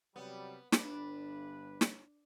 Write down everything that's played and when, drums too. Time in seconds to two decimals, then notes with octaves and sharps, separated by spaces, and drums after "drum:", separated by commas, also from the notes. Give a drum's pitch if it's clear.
0.16 C3 F#3 G3 B3
0.72 G1 G2 D4 B4, drum: snare
1.81 drum: snare